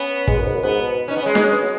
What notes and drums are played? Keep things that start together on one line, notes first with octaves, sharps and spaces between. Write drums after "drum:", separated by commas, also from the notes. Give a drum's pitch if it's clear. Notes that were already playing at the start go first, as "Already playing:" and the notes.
Already playing: B3 C#4
G#3, drum: kick
F#2
G#2
F#2
G#2 B3
B2
C#4 D#4
B3
G#3 C#4
D#4, drum: snare
C#4
B3
F#3